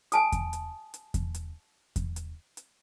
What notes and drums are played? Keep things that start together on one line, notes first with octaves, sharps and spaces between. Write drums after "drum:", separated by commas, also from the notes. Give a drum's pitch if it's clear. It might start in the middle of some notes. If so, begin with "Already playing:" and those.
G#5 A5 D#6, drum: hi-hat
drum: kick E2, hi-hat
drum: hi-hat
drum: hi-hat
drum: kick E2, hi-hat
drum: hi-hat
drum: kick E2, hi-hat
drum: hi-hat
drum: hi-hat